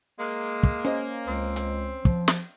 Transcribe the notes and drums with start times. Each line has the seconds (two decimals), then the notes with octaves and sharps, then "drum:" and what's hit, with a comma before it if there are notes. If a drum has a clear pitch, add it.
0.19 G#3 A#3
0.63 drum: kick
0.85 C#4 C5 D#5
1.27 C#2 C4
1.56 drum: hi-hat
2.05 F3, drum: kick
2.28 drum: snare